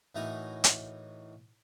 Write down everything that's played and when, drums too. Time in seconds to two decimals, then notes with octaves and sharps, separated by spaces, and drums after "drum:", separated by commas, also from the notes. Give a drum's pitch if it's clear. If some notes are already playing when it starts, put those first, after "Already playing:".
0.15 A2 E3 D#4 F#4 A#4 G#5
0.64 drum: hi-hat